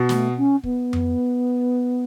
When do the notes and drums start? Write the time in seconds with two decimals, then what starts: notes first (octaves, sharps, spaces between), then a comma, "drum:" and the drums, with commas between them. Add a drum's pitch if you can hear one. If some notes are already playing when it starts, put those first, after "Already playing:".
Already playing: B2
0.09 A3, drum: snare
0.37 C#4
0.64 B3, drum: kick
0.93 drum: tom F2